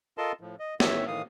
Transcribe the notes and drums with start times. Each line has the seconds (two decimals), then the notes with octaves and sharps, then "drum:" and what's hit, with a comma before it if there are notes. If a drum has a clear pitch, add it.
0.18 F4 A4 A#4 D#5 A5 C6
0.41 A2 F3
0.60 D#5
0.80 A2 D#3 E3 C#5 E5, drum: snare
1.07 A2 D#3 E3 F5 D#6